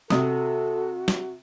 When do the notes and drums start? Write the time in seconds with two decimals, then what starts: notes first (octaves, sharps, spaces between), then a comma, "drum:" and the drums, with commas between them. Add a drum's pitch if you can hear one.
0.10 C3 F#4 A4 D#6, drum: snare
1.08 drum: snare